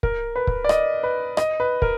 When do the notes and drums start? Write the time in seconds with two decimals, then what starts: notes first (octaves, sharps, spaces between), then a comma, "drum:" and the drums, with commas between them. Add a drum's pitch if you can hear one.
0.03 A#4, drum: kick
0.36 B4
0.47 drum: kick
0.64 D5
0.69 D#5, drum: rim click
1.03 B4
1.37 D#5, drum: rim click
1.60 B4
1.82 A#4, drum: kick